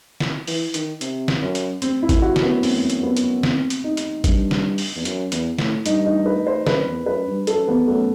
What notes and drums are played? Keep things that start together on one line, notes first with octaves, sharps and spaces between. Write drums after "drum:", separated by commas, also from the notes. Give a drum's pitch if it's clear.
drum: snare
E3, drum: open hi-hat
D#3, drum: hi-hat
C3, drum: hi-hat
drum: snare
F#2
drum: hi-hat
C4, drum: hi-hat
E4
C3, drum: kick, hi-hat
F#4
F#2, drum: snare
B3
C4, drum: open hi-hat
drum: hi-hat
B3
drum: hi-hat
C4, drum: snare
drum: hi-hat
D#4
drum: hi-hat
G2, drum: kick, hi-hat
drum: snare
drum: open hi-hat
E2
F#2, drum: hi-hat
E2, drum: hi-hat
A2, drum: snare
G2 D#4, drum: hi-hat
D#4
B4
C5
F#2 B4, drum: snare
E2
F#2 B4
G2
F#2 A4, drum: hi-hat
E2 B3
F#2 A3